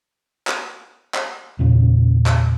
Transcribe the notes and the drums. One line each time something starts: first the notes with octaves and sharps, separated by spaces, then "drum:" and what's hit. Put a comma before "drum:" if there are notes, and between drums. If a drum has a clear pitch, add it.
drum: clap
drum: clap
E2 A#2 C#3
drum: clap